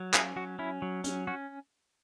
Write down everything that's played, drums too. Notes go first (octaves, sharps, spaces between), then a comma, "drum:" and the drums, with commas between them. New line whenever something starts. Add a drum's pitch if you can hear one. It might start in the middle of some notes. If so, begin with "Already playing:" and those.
Already playing: F#3
C#4 E4 G#4, drum: clap
F#3 F#4
C#4 E4
F#3
C#4, drum: hi-hat
C#4 F#4